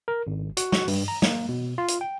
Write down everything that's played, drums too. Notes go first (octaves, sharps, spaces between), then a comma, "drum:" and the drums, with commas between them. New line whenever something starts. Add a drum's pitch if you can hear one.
A#4
G#1
F#4, drum: hi-hat
F#4, drum: snare
G2, drum: open hi-hat
A#5
A#3, drum: snare
B2
F4
drum: hi-hat
G5